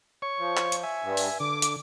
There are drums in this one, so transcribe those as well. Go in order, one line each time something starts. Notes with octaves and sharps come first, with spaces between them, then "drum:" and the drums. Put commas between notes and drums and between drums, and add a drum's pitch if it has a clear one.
C#5 C#6
F3
drum: clap
drum: hi-hat
E5 G#5
G2
drum: open hi-hat
D3 D6
drum: hi-hat